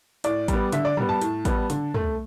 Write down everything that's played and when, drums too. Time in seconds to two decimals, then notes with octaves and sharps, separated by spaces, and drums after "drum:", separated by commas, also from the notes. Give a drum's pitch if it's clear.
0.24 A2 D5, drum: hi-hat
0.48 G3, drum: kick A1, hi-hat
0.53 B3
0.72 D3 E5, drum: hi-hat
0.85 D5
0.97 G3 B3, drum: tom
1.09 A5
1.21 A2, drum: hi-hat
1.45 G3 B3, drum: kick A1, hi-hat
1.70 D3, drum: hi-hat
1.94 A3, drum: tom